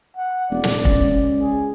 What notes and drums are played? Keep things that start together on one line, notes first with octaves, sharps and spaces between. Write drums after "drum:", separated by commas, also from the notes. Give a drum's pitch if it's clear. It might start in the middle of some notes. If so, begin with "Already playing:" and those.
F#5
E1 D5
drum: snare
C#2, drum: kick
G#4